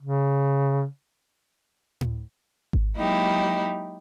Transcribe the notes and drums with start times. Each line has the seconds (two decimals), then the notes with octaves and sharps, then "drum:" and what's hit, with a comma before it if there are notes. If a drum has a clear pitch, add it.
0.02 C#3
2.01 drum: tom A2
2.73 drum: kick G#1
2.96 F#3 G#3 A#3 D#4 E4 G4